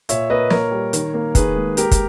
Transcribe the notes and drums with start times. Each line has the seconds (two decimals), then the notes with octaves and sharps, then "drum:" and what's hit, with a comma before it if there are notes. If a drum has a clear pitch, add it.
0.09 A#2 C#5 E5, drum: hi-hat
0.30 A#3 B4 D#5
0.50 A#3 A#4 C#5, drum: snare
0.71 G3
0.93 D#3, drum: hi-hat
1.14 A#3
1.35 D#3 G#4 B4, drum: kick, hi-hat
1.56 G#3
1.77 A#3 G4 A#4, drum: hi-hat
1.91 drum: kick, hi-hat